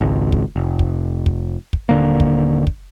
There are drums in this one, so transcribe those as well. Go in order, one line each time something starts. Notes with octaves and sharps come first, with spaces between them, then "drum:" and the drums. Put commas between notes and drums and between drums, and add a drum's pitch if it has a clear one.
G#1 C#2
drum: kick
F1
drum: kick
drum: kick
drum: kick
D#1 D3 A#3
drum: kick
drum: kick